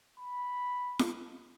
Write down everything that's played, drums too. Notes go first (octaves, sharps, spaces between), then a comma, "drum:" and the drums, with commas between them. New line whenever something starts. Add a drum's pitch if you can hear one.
B5
drum: snare